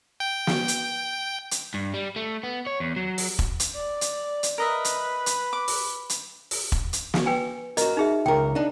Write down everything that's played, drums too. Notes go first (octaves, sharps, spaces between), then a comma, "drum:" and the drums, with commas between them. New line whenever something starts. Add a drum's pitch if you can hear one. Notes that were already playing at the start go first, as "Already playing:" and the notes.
G5
drum: snare
drum: hi-hat
drum: hi-hat
G2
G3
A3
B3
C#5
E2
F#3
drum: open hi-hat
drum: kick E1
drum: hi-hat
D5
drum: hi-hat
drum: hi-hat
A#4 B4 D#5 E5
drum: hi-hat
drum: hi-hat
D6
drum: open hi-hat
drum: hi-hat
drum: open hi-hat
drum: kick E1
drum: hi-hat
drum: snare
B4 G5 G#5
F#4 A#4 D#5, drum: hi-hat
D#4 G#4 E5
C#2 A#4 G5
D4 D#4